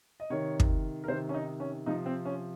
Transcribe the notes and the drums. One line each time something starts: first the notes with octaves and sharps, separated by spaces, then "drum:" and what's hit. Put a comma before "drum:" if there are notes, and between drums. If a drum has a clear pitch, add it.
D#5
C3 D#3 C#5
drum: kick
A#4
C3 D#3 C5
C#4
D#4
C#4
C3 F3 D#4
C4
C#4